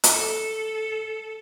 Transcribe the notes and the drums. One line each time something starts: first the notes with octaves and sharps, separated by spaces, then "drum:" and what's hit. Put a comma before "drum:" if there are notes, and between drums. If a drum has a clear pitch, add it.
drum: hi-hat
A4